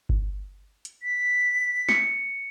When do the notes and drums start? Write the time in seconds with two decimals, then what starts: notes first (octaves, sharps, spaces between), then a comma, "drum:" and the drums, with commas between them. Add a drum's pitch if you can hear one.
0.09 drum: kick G1
0.85 drum: hi-hat
1.03 B6
1.89 C#7, drum: snare